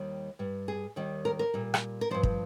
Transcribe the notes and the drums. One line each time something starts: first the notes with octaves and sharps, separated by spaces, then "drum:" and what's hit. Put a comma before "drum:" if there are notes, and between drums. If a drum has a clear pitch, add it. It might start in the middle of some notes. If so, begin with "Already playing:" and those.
Already playing: D#2 D#3 G3
G2 G3
G#4
D#2 D#3 G3
A#4
A#4
A#2 G3
drum: rim click
A#4
G2 F3 C5
drum: kick